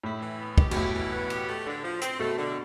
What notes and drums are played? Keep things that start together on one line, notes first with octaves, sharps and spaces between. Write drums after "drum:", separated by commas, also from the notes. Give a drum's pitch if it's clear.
A2 E4
E3
B3
G4, drum: kick
B2, drum: cymbal
A2 E4
E3
B3
G4, drum: cymbal
A3
D3
F3
C4, drum: hi-hat
B2 A3
D3